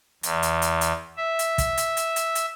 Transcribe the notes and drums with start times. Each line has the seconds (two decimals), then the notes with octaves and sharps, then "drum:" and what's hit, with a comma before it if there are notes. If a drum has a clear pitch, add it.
0.23 E2, drum: hi-hat
0.43 drum: hi-hat
0.62 drum: hi-hat
0.81 drum: hi-hat
1.17 E5
1.39 drum: hi-hat
1.58 drum: kick, hi-hat
1.77 drum: hi-hat
1.97 drum: hi-hat
2.16 drum: hi-hat
2.35 drum: hi-hat